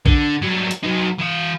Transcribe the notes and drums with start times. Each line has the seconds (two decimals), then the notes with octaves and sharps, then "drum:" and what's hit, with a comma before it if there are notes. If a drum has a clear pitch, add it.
0.06 D3, drum: kick A#1
0.42 F#3 G3
0.71 drum: hi-hat
0.83 F#3 D#4
1.18 E3 F5